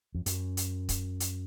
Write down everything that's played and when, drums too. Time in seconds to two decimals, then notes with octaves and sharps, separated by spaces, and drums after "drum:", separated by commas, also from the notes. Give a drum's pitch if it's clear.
0.15 F2
0.26 F#2, drum: hi-hat
0.57 drum: hi-hat
0.89 drum: kick C#1, hi-hat
1.20 drum: hi-hat